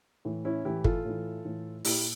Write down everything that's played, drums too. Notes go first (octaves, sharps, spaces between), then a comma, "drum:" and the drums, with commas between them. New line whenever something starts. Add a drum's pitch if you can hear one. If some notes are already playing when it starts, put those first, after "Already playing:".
A2 E3
C#4 E4
A2 E3 E4 G4
F4 A4, drum: kick
A2 E3
A2 E3
A#2 E4 G4, drum: open hi-hat